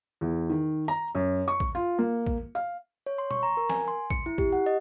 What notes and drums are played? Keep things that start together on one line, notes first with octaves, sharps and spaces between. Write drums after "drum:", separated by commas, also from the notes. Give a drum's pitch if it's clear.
E2
D#3
A#5
F#2
C#6
drum: kick A#1
F4
A#3
drum: kick A#1
F5
C#5
C6
C#6, drum: tom B2
A#5
A#4
G#5, drum: snare
C6
C#7, drum: kick A#1
E4
G4, drum: kick A#1
F#5
D#5